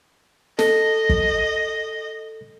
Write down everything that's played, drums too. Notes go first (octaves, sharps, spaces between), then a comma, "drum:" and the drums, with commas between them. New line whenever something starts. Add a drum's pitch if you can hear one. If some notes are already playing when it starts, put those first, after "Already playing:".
A4 D#5, drum: snare
drum: kick